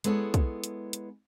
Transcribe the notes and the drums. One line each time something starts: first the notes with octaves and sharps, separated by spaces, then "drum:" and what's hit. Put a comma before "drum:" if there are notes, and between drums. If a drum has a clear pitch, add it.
G#3 B3 E4 A4 C#5, drum: hi-hat
drum: kick, hi-hat
drum: hi-hat
drum: hi-hat